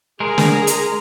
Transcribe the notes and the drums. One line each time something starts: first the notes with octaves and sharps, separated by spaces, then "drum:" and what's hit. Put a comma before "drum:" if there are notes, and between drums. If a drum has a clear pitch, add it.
G#3 G#4 A#4 A#5
drum: snare
drum: hi-hat